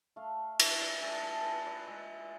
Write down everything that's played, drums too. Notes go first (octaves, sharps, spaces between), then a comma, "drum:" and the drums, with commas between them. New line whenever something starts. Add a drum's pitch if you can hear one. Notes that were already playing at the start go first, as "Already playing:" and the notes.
A3 F5
E3 E5, drum: cymbal
D5
A3 G#4
A4
E3 B4
D5
G#3 E5